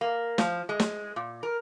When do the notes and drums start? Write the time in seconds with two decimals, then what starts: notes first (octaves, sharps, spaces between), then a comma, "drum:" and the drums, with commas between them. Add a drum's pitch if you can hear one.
0.01 A#3
0.38 F3, drum: snare
0.69 G#3
0.80 drum: snare
1.16 A#2
1.43 A#4